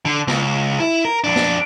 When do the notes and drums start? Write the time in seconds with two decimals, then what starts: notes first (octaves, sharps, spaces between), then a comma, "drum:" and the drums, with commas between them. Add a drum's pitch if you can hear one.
0.06 D3
0.28 C#2, drum: snare
0.80 E4
1.05 A#4
1.24 F2 D4
1.36 drum: snare